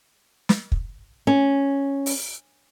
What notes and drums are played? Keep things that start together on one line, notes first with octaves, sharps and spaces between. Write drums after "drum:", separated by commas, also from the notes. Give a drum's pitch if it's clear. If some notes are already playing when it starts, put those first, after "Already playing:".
drum: snare
drum: kick
C#4
drum: open hi-hat